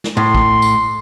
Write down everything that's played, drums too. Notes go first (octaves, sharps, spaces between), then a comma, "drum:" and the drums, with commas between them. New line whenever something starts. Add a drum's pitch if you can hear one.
drum: snare
A2 C6
drum: kick
drum: tambourine